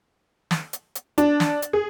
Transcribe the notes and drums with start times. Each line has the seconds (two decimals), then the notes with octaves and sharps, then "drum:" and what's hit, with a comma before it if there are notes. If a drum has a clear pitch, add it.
0.51 drum: snare
0.73 drum: hi-hat
0.95 drum: hi-hat
1.18 D4, drum: hi-hat
1.40 drum: snare
1.62 drum: hi-hat
1.73 G#4